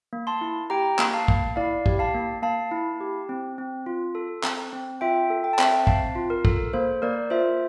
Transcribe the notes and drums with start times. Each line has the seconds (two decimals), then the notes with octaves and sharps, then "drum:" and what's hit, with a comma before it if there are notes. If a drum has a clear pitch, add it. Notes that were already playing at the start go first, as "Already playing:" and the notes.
0.13 A#3
0.27 A5 C6
0.41 E4
0.70 G4 G5 A#5
0.99 A#3, drum: clap
1.14 F5 A5
1.28 A#3, drum: kick
1.56 E4 D5 F5
1.86 G4, drum: kick
1.99 F5 A5
2.14 A#3
2.42 A#3 F5 A5
2.71 E4
3.01 G4
3.29 C4
3.58 C4
3.86 F4
4.15 A4
4.44 C4, drum: clap
4.73 C4
5.01 F4 E5 G5
5.30 A4
5.44 G5
5.53 A5
5.59 C4 E5 G5, drum: clap
5.87 C4 F5 A5, drum: kick
6.15 F4
6.30 A#4
6.45 A4, drum: kick
6.73 A#3 C5
7.02 A#3 A#4 D5
7.30 F4 C5 E5